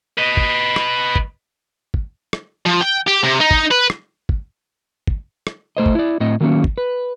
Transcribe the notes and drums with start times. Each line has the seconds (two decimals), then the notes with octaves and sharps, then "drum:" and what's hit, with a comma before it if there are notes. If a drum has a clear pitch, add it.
0.17 B4 D#5
0.37 drum: kick
0.76 drum: rim click
1.15 drum: kick
1.94 drum: kick
2.33 drum: rim click
2.66 F3
2.82 G5
3.08 G4
3.24 C3
3.41 D#4
3.51 drum: kick
3.71 B4
3.90 drum: rim click
4.29 drum: kick
5.07 drum: kick
5.47 drum: rim click
5.77 A3 C5 D#5
5.86 drum: kick
5.95 E4 D5
6.20 A2 C4 D#5
6.40 D#3 F#3 A#3 C#4
6.64 drum: kick
6.78 B4